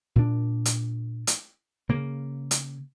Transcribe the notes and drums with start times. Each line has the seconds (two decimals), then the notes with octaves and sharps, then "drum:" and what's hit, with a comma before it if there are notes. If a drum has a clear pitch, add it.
0.16 A#2 D4
0.65 drum: hi-hat
1.27 drum: hi-hat
1.89 C#3 A#3
2.51 drum: hi-hat